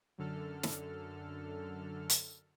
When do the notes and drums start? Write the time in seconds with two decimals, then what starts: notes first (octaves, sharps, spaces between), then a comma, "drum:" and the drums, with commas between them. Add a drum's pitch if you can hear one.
0.18 F#2 D3 A4 F6
0.63 drum: snare
2.10 drum: hi-hat